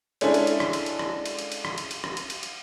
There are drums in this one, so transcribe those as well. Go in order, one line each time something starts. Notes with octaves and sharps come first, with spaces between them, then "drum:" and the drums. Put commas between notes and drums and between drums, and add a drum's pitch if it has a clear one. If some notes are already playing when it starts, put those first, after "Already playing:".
G#3 C#4 D4 E4 G#4 A4, drum: cymbal
drum: cymbal
drum: cymbal
drum: rim click
drum: cymbal
drum: cymbal
drum: rim click
drum: cymbal
drum: cymbal
drum: cymbal
drum: rim click
drum: cymbal
drum: cymbal
drum: rim click
drum: cymbal
drum: cymbal
drum: cymbal